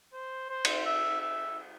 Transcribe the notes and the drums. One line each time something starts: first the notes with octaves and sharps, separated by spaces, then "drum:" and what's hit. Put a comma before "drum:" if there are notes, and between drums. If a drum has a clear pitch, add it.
C5
C5
drum: cymbal
E5
E5